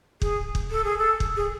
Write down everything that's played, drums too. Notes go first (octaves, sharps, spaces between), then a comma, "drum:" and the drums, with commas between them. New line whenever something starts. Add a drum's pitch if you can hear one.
G#4, drum: kick
drum: kick
A4
G#4
A4
drum: kick
G#4